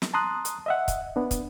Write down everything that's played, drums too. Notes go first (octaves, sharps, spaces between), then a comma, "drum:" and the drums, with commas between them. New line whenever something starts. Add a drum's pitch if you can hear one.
drum: snare
A5 A#5 C6 D#6 F#6
drum: hi-hat
D#5 E5 F#5
drum: kick, hi-hat
B3 D4
drum: kick, hi-hat